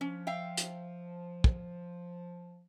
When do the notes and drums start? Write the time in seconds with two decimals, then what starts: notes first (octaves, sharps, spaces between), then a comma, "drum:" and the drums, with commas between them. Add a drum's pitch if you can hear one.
0.01 F3 C#4
0.27 E5 F5 G5
0.57 drum: hi-hat
1.44 drum: kick